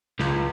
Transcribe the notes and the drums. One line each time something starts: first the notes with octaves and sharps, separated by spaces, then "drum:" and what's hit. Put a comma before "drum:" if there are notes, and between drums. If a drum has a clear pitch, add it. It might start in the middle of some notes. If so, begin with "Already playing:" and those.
C#2, drum: snare